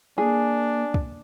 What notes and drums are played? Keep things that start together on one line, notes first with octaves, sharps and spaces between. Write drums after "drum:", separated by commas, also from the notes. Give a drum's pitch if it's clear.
A#3 D4 G#4
drum: kick